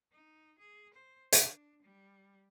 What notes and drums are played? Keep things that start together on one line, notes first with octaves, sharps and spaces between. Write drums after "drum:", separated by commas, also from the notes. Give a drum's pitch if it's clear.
D#4
G#4
C5
D4, drum: hi-hat
G3